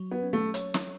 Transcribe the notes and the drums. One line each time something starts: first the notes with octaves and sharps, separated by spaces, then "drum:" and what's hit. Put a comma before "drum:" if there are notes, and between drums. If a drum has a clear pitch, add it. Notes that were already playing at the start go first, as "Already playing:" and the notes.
Already playing: F#3
B3
C#4
A3
C#5, drum: hi-hat
drum: snare